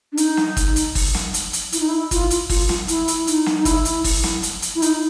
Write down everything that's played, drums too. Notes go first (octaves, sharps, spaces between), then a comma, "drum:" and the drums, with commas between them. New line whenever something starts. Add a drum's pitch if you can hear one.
D4
D#4, drum: hi-hat
drum: snare
drum: kick G1, hi-hat
drum: hi-hat
drum: kick G1, open hi-hat
drum: snare
drum: hi-hat
drum: hi-hat
E4, drum: hi-hat
D#4
E4
F4, drum: kick G1, hi-hat
drum: hi-hat
F4, drum: kick G1, open hi-hat
drum: snare
E4, drum: hi-hat
drum: hi-hat
D#4, drum: hi-hat
drum: snare
D#4
E4, drum: kick G1, hi-hat
drum: hi-hat
drum: kick G1, open hi-hat
drum: snare
drum: hi-hat
drum: hi-hat
E4
D#4, drum: hi-hat